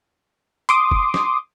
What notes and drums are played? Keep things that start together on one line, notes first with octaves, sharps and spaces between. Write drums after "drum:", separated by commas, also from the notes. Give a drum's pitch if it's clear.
C6 D6 D#6, drum: hi-hat
drum: kick F#1
drum: snare